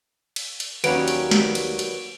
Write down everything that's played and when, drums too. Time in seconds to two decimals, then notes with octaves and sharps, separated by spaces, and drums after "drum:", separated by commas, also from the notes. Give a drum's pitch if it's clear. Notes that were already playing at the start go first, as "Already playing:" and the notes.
0.36 drum: cymbal
0.60 drum: cymbal
0.84 D#2 F#3 G3 C#4 B4 D7, drum: cymbal
1.08 drum: cymbal
1.31 drum: snare
1.55 drum: cymbal
1.79 drum: cymbal